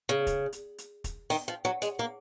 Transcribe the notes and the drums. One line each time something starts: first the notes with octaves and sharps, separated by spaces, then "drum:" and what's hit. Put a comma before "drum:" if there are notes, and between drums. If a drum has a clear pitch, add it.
C#3
drum: kick, hi-hat
drum: hi-hat
drum: hi-hat
drum: kick, hi-hat
D#3, drum: open hi-hat
F3
F#3
G#3, drum: hi-hat
A#3